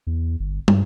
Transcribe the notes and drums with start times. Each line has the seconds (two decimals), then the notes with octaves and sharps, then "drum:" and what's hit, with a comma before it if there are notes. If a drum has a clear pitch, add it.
0.07 E2
0.40 G1
0.68 G2, drum: tom